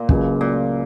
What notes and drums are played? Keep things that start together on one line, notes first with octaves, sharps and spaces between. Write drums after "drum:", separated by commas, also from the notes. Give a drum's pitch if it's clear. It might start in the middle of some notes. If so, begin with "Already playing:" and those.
Already playing: A#2
C#2 C#3 F#3, drum: kick
A#2